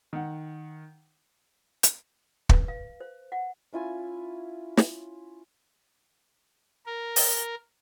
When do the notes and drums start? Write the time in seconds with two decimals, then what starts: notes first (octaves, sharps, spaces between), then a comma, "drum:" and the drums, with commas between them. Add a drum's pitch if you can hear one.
0.13 D#3 F#5
1.83 drum: hi-hat
2.49 B4, drum: kick
2.68 F5
3.01 C5
3.32 F#5
3.73 C#4 E4 F4 G#5
4.77 drum: snare
6.86 A#4
7.16 drum: open hi-hat